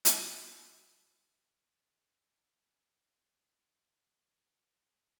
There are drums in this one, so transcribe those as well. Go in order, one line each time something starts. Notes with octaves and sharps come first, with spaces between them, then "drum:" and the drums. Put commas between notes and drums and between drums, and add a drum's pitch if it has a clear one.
drum: hi-hat
B1 A6
D2 D#4
E5 F#5 G#5 B5